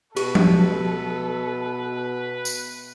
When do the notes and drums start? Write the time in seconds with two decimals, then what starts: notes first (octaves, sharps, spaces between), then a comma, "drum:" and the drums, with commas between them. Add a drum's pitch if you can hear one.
0.17 B2 G4 A4 B4, drum: cymbal
0.35 drum: tom F3
2.45 drum: tambourine